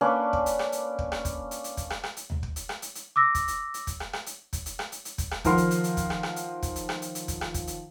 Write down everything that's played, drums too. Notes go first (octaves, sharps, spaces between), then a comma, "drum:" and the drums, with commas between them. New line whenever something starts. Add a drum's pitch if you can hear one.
A#3 C#4 D4 B4
drum: kick
drum: hi-hat
drum: rim click
drum: hi-hat
drum: kick
drum: rim click
drum: kick, hi-hat
drum: hi-hat
drum: hi-hat
drum: kick, hi-hat
drum: rim click
drum: rim click
drum: hi-hat
drum: tom D2
drum: kick
drum: hi-hat
drum: rim click
drum: hi-hat
drum: hi-hat
D6 E6 A#6
drum: kick, hi-hat
drum: hi-hat
drum: hi-hat
drum: kick, hi-hat
drum: rim click
drum: rim click
drum: hi-hat
drum: kick, hi-hat
drum: hi-hat
drum: rim click
drum: hi-hat
drum: hi-hat
drum: kick, hi-hat
drum: rim click
D#3 F3 A#4 F5 F#5 C6, drum: kick, hi-hat
drum: hi-hat
drum: hi-hat
drum: hi-hat
drum: kick, hi-hat
drum: rim click
drum: rim click
drum: hi-hat
drum: kick, hi-hat
drum: hi-hat
drum: rim click
drum: hi-hat
drum: hi-hat
drum: kick, hi-hat
drum: rim click
drum: kick, hi-hat
drum: hi-hat